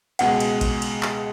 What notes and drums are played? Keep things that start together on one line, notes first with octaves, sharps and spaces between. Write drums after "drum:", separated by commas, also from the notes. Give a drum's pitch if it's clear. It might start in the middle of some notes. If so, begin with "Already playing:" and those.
C#2 B2 G#3 F#5, drum: cymbal
drum: cymbal
drum: kick A1, cymbal
drum: cymbal
drum: clap